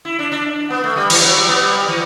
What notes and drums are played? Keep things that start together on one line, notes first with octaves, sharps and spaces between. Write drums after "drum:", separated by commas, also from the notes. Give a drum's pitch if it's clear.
E4
D4
D4
B3
A3
G3
E3, drum: cymbal
F#3
G3
B3
G3
E3